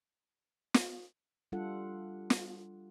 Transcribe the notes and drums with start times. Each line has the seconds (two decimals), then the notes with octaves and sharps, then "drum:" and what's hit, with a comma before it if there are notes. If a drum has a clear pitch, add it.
0.74 drum: snare
1.52 G3 D4 F4 A4 F#5
2.30 drum: snare